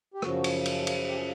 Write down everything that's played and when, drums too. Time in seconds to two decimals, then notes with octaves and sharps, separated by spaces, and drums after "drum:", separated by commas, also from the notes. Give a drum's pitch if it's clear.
0.14 G4
0.22 F#2 C#3 F3 F#4, drum: rim click
0.44 drum: cymbal
0.65 drum: cymbal
0.87 drum: cymbal
1.08 G4
1.15 G#4